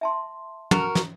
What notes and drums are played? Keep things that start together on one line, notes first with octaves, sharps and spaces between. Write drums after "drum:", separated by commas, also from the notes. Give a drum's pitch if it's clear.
E5 A5 C6
F#4 A#4, drum: tom
drum: snare